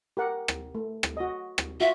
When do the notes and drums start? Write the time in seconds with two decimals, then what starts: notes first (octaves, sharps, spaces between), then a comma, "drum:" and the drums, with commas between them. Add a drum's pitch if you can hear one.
0.17 G4 A#4 F#5
0.48 drum: rim click
0.75 A3
1.03 drum: rim click
1.17 F#4 D#5
1.58 drum: rim click
1.81 F4 F#4 E5